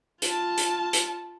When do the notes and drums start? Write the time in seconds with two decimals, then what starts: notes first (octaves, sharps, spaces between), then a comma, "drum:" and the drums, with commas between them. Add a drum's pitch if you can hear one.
0.22 F4 A5, drum: hi-hat
0.58 drum: hi-hat
0.93 drum: hi-hat